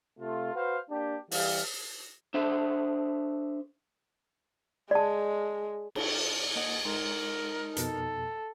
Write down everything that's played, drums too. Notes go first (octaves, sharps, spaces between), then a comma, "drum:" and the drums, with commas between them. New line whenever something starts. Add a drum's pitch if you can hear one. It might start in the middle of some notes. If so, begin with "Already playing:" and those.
C3 A3 F4
F#4 B4 C5 F5
A#3 D4 G4
E3 G3 F5, drum: open hi-hat
D4 A4 C5 E5
G#3 D5 A5
drum: cymbal
A#3 D#5 F#5
G#3 D#4 A#4 A#5 C6
F2 B2 A4, drum: hi-hat